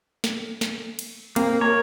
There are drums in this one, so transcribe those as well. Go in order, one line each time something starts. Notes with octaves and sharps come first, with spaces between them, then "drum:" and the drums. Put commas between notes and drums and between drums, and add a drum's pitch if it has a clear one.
drum: snare
drum: snare
drum: cymbal
A#3 C4, drum: cymbal
A#4 C#5 A#5